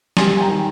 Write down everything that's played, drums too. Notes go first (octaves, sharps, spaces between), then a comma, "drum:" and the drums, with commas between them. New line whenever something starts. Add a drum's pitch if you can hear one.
G3 G#5 C6, drum: snare
G#5
G5 A#5
D#3